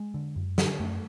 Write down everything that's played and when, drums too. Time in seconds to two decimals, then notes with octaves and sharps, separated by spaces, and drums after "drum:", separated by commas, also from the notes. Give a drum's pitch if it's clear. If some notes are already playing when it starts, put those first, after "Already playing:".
Already playing: G#3
0.14 D3
0.36 F#2
0.58 D3, drum: snare
0.80 F#2 A3